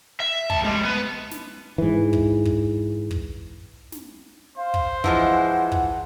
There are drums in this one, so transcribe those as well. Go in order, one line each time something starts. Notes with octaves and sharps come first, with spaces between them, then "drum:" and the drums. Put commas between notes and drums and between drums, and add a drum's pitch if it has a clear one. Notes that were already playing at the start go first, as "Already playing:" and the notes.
E5
C#2 A5, drum: kick
G3 G#3
B3 B4
drum: snare
G#2 E3
drum: kick
drum: kick
drum: kick
drum: snare
C5 F5
drum: kick
E3 F3 G#3 F#5, drum: kick
drum: kick